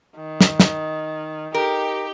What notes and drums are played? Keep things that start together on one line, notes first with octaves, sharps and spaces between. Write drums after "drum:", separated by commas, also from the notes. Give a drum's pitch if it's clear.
D#3
drum: snare
drum: snare
D#4 G4 A#4